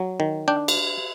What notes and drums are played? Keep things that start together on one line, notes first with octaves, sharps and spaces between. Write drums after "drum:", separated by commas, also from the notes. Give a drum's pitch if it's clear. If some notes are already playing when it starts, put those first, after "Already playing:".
Already playing: F#3
D#3
D4 G5
drum: cymbal